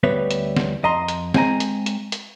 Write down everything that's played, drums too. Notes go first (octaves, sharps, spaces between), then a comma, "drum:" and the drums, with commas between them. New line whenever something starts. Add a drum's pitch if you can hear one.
D2 G3 B3 B4 C#5 E5
drum: hi-hat
drum: snare
F2 D#5 A#5 C6
drum: hi-hat
G#3 C4 G#5 A#5, drum: snare
drum: hi-hat
drum: hi-hat
drum: hi-hat